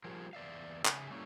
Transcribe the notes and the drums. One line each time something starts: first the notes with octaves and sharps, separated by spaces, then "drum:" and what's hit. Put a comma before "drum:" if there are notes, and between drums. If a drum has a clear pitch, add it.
F3 G3 F4 G#4 A#4
E2 D5 E5 F5
C#3 G#4 E5 G#5, drum: clap
G3 A3 A#3 C#4 D#4 E4